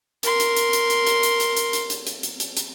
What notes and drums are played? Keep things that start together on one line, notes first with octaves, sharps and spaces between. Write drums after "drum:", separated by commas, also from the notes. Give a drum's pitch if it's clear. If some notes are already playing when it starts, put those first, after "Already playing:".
A#4 C6, drum: hi-hat
drum: hi-hat
drum: hi-hat
drum: hi-hat
drum: hi-hat
drum: hi-hat
drum: hi-hat
drum: hi-hat
drum: hi-hat
drum: hi-hat
drum: hi-hat
drum: hi-hat
drum: hi-hat
drum: hi-hat
drum: hi-hat